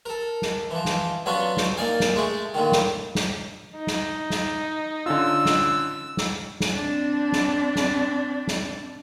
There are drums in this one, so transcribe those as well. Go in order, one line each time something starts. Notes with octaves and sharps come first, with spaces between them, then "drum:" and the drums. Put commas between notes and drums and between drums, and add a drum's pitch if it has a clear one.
A4 A#4
drum: snare
E3 F3
drum: snare
F#3 B3 C#4 D4 F4 F#4
drum: snare
A#3 D#4 D5 F5 G#5
drum: snare
G#3 A3 G#4
A#2 D3 D#3
drum: snare
drum: snare
D#4
drum: snare
drum: snare
D3 C#4 F4 E6
drum: snare
drum: snare
drum: snare
C4 D4
drum: snare
drum: snare
drum: snare